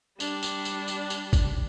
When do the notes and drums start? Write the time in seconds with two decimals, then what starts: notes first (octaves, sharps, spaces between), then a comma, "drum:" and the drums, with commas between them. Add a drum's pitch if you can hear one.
0.20 G3 D4, drum: tambourine
0.43 drum: tambourine
0.65 drum: tambourine
0.88 drum: tambourine
1.10 drum: tambourine
1.33 drum: kick, tambourine